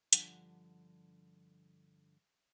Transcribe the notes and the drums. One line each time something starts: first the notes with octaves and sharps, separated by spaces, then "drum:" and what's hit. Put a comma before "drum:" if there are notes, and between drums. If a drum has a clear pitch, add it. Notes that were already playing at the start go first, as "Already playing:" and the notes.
G2 D3 F3 D4 F#5 G#5, drum: hi-hat